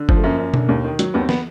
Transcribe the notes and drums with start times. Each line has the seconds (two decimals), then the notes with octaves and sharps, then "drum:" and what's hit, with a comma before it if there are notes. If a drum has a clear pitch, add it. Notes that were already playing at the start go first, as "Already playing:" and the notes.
Already playing: D3
0.09 F3, drum: kick G1
0.17 A3
0.24 F#2 A#3
0.38 F#2
0.54 D3, drum: tom B2
0.69 D#2
0.84 D#3
0.99 F#3, drum: hi-hat
1.14 D#2 B3
1.21 C4
1.29 B3, drum: snare